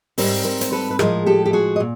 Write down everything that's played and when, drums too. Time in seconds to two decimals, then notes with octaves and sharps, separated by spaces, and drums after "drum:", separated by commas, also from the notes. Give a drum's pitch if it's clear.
0.18 G#2 D#3 G3 C4 A#4 C5, drum: open hi-hat
0.45 A#4 C5
0.61 C5, drum: hi-hat
0.72 A4 B4
0.91 B4
0.99 A2 F3 G#3 G#4 A#4, drum: rim click
1.26 G4 A4
1.46 G4
1.53 F#4 G#4
1.76 D#5
1.80 A#2